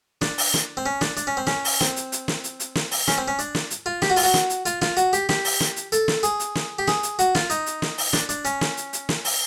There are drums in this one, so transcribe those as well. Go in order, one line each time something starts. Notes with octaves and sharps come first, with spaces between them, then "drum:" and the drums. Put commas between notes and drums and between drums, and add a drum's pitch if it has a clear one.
D4, drum: snare
drum: open hi-hat
drum: snare
C4
C#4
D4, drum: snare
D4, drum: hi-hat
C#4
C4
C#4, drum: snare
drum: open hi-hat
C4, drum: snare
drum: hi-hat
drum: hi-hat
drum: snare
drum: hi-hat
drum: hi-hat
drum: snare
drum: open hi-hat
C#4, drum: snare
C4
C#4
D4, drum: hi-hat
drum: snare
drum: hi-hat
F4
G4, drum: snare
F#4
F4, drum: open hi-hat
F#4
drum: snare
drum: hi-hat
F4, drum: hi-hat
F4, drum: snare
F#4, drum: hi-hat
G4, drum: hi-hat
G4, drum: snare
drum: open hi-hat
drum: snare
drum: hi-hat
A4, drum: hi-hat
drum: snare
G#4, drum: hi-hat
drum: hi-hat
drum: snare
G4
G#4, drum: snare
drum: hi-hat
F#4, drum: hi-hat
F4, drum: snare
D#4, drum: hi-hat
drum: hi-hat
drum: snare
drum: open hi-hat
D4, drum: snare
D4, drum: hi-hat
C#4, drum: hi-hat
drum: snare
drum: hi-hat
drum: hi-hat
drum: snare
drum: open hi-hat